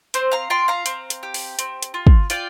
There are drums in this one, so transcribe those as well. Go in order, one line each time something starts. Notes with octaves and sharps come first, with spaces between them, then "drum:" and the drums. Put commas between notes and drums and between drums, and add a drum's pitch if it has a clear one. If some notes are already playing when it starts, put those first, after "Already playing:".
C4 C5, drum: hi-hat
F5 A#5
F4 G5 C6
F5 A#5
C4, drum: hi-hat
drum: hi-hat
G4
drum: open hi-hat
C4, drum: hi-hat
drum: hi-hat
F4
drum: kick
F4 D5 G5, drum: hi-hat